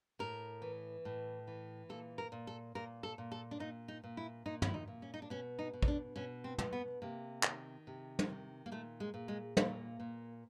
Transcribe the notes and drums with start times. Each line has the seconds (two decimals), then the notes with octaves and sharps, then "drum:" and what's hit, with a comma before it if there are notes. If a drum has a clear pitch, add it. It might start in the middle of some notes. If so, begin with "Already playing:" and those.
0.19 A2 A#4
0.62 E3
1.05 A2
1.47 E3
1.89 A#2 A4
2.18 A#4
2.32 A#2
2.47 A4
2.75 A#2 A#4
3.03 A4
3.18 A#2
3.32 A4
3.51 D4
3.60 A#2 D#4
3.88 D#4
4.04 A#2
4.17 E4
4.46 A#2 D#4
4.62 E4, drum: tom
4.74 D#4
4.88 A#2
5.02 C#4
5.14 D#4
5.22 D4
5.30 B2 C#4
5.59 D#4
5.74 B2
5.82 D#4, drum: kick
5.88 D4
6.16 B2 C#4
6.44 C4
6.58 B2, drum: tom
6.73 B3
7.02 C3 A#3
7.43 D#3, drum: clap
7.87 C3
8.19 drum: tom
8.30 D#3
8.66 A#3
8.72 A#2 A3
9.00 G#3
9.14 A#2
9.28 G#3
9.57 A#2 A#3, drum: tom
10.00 A#2